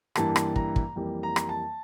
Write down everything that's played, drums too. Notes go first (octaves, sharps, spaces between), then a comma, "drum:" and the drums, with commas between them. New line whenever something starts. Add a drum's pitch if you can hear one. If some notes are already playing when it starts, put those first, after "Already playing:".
G2 E3 G3 A#3 A5, drum: rim click
drum: rim click
A#5, drum: kick
drum: kick
F2 E3 G3 A#3
A#5
drum: rim click
A5